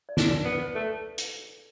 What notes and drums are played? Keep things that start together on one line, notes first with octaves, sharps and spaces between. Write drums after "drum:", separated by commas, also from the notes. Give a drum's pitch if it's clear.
D5
D4, drum: snare
D5
B3
B4
A3 A4
drum: hi-hat